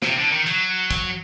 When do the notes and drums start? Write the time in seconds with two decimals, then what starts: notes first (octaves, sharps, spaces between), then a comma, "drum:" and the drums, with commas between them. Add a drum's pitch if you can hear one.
0.02 C3, drum: snare
0.17 D3
0.31 D#3
0.46 F#3, drum: hi-hat
0.91 drum: kick, hi-hat